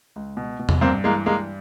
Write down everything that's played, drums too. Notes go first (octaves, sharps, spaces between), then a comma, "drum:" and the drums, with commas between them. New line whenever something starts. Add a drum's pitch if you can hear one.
C#2
B2
B2
drum: tom E2
G2 A#3 C4
E3 G#3 A#3
G2 G#3 A#3